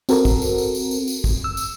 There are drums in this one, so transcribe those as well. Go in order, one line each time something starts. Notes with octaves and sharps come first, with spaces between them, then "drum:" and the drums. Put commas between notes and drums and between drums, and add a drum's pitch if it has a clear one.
C4 F#4 A4 A#4, drum: tambourine
drum: kick, tambourine
drum: tambourine
drum: tambourine
drum: tambourine
drum: tambourine
drum: tambourine
drum: kick, tambourine
E6
drum: tambourine